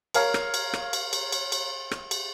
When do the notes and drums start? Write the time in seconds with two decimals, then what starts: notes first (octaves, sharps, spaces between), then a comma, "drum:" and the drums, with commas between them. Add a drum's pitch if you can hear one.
0.14 A#4 C#5 F5, drum: cymbal
0.34 drum: rim click
0.54 drum: cymbal
0.73 drum: rim click
0.93 drum: cymbal
1.13 drum: cymbal
1.32 drum: cymbal
1.52 drum: cymbal
1.91 drum: rim click
2.11 drum: cymbal